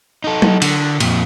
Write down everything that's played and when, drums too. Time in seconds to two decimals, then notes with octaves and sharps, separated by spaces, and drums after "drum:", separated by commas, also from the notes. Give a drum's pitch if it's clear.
0.24 D#4 A4
0.42 drum: tom F#3
0.62 D3, drum: cymbal
1.00 F2 A#2, drum: cymbal